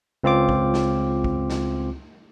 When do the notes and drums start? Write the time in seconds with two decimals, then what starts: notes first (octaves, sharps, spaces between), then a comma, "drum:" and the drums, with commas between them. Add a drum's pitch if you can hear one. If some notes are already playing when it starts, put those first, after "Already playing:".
0.24 C#2 C4 F4 D6
0.49 drum: kick
0.74 drum: snare
1.24 drum: kick
1.50 drum: snare